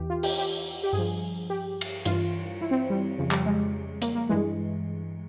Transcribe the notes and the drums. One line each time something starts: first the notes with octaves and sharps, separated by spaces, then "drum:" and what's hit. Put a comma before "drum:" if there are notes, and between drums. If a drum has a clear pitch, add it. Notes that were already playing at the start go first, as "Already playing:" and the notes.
Already playing: E2 E3 G4
F4
G4, drum: open hi-hat
G4
G4
G2 G#4
F3
G4
drum: cymbal
G2 E3 F4, drum: hi-hat
E4
C4
G3
F2 C#3 F3
G3, drum: clap
G#3
A#3, drum: hi-hat
A#3
G2 E3 G#3